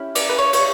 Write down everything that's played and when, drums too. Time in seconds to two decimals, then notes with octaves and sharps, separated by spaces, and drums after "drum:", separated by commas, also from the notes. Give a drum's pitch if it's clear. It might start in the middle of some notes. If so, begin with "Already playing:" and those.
Already playing: C#4 E4 G4
0.15 D5, drum: cymbal
0.29 B4
0.39 C#5
0.53 C#5, drum: cymbal